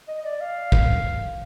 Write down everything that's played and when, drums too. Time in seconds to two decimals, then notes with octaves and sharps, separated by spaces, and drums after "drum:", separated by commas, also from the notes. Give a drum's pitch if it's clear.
0.08 D#5
0.20 D#5
0.25 D5
0.40 F5
0.72 drum: kick